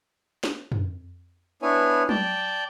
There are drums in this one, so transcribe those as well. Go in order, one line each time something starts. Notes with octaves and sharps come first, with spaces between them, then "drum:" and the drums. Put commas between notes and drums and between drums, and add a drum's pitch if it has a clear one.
drum: snare
drum: tom
B3 D4 E4 C#5 G#5
D5 G5 A5, drum: tom F#3